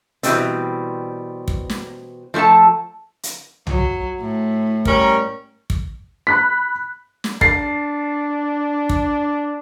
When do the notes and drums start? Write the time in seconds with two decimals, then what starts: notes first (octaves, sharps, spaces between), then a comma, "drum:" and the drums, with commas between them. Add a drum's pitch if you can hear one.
0.23 B2 E3 F#3 G3 A3 C4, drum: hi-hat
1.48 drum: kick
1.70 drum: snare
2.34 F3 A3 D4 A4 A5
3.23 drum: hi-hat
3.67 F#3, drum: tom B1
4.20 A2
4.85 G3 C#4 A#4, drum: kick
5.70 drum: kick
6.27 B5 F#6 B6
7.24 drum: snare
7.41 D4 A6 C7, drum: kick
8.89 drum: kick